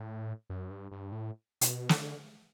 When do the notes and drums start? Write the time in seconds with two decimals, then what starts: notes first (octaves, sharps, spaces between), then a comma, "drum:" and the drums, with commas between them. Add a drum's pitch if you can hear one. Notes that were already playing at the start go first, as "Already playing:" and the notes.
Already playing: A2
0.50 F#2
0.71 G2
0.92 G2
1.12 A2
1.61 B2, drum: hi-hat
1.89 D3, drum: snare